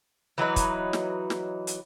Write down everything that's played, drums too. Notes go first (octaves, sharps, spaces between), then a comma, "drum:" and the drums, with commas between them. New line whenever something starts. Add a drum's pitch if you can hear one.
E3 F#3 D#4 B4
drum: kick, hi-hat
drum: snare
drum: snare
drum: hi-hat